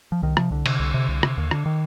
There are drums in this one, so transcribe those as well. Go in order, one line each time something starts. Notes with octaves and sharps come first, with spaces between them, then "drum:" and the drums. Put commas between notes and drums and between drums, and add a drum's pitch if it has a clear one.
F3
C2 D#3
C3 F3, drum: rim click
C2 D3
C3, drum: cymbal
C2
C3
C2
C3, drum: rim click
D#2
D3, drum: rim click
D#3